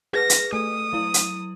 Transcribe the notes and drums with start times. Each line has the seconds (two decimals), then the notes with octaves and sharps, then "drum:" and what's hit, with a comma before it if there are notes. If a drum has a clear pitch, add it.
0.13 G#4 B4 F6 A#6
0.30 drum: hi-hat
0.53 A3 A4 D#6
0.93 F#3 E4
1.14 drum: hi-hat